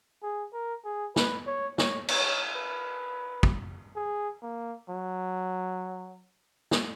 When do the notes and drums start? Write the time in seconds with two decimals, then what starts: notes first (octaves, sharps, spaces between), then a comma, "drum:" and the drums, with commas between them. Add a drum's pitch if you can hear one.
0.22 G#4
0.53 A#4
0.85 G#4
1.16 B4, drum: snare
1.47 C#5
1.78 C#5, drum: snare
2.08 C#5, drum: cymbal
2.55 B4
3.43 drum: kick
3.96 G#4
4.42 A#3
4.89 F#3
6.71 drum: snare